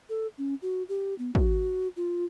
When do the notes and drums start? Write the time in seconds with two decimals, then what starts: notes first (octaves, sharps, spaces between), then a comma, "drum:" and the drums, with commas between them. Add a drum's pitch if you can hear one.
0.10 A4
0.38 C#4
0.62 F#4
0.89 G4
1.19 B3
1.35 F#4, drum: kick
1.96 F4